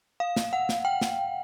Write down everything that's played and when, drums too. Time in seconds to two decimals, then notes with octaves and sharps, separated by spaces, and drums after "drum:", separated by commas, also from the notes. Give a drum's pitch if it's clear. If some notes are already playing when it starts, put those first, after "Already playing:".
0.20 F5
0.36 drum: snare
0.53 F#5
0.69 drum: snare
0.85 G5
1.01 drum: snare